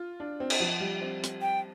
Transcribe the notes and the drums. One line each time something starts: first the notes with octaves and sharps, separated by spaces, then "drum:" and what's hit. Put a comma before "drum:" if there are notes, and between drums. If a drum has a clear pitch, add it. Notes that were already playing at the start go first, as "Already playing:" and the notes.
Already playing: F4
D4
C4
drum: cymbal
F3
G3
C4
drum: hi-hat
G5